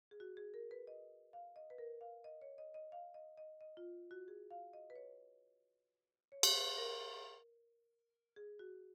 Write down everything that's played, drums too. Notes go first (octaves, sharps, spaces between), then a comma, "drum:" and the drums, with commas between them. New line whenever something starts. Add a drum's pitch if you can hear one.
G#4
F#4
G#4
A#4
B4
D#5
F5
D#5
B4
A#4
F5
D#5
C#5
D#5
D#5
F5
D#5
D#5
D#5
F4
F#4
G#4
F5
D#5
B4
C#5
C#5
drum: cymbal
B4
A#4
G#4
F#4